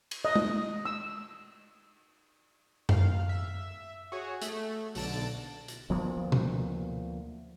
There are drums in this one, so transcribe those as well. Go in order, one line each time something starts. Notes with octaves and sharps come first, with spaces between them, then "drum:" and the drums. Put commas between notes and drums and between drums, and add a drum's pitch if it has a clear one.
drum: cymbal
D#5
drum: tom G#3
E6
F5, drum: tom F#2
E5
F#4 G#4 C#5
A3, drum: hi-hat
B1 D3 A5 D7, drum: open hi-hat
drum: hi-hat
D2 F3 A#3 B3
drum: tom B2